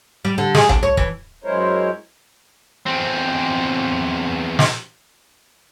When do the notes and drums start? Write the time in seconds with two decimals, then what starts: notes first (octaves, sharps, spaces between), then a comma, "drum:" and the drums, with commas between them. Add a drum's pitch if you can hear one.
0.25 G3
0.38 D3
0.55 G#4, drum: snare
0.69 D4, drum: tom C2
0.83 C#5
0.97 E3, drum: kick
1.44 F#2 G#3 E4 A#4 C5 C#5
2.86 E2 C4
4.59 drum: snare